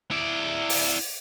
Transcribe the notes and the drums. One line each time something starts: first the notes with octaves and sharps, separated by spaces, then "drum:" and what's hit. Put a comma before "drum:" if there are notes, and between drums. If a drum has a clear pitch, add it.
E4 D5
drum: open hi-hat